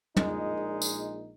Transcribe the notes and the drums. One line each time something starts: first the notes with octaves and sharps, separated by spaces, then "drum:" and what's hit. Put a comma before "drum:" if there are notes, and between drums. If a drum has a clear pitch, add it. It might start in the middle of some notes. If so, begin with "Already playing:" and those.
A#1 A#2 G#3 D#4, drum: tom
drum: tambourine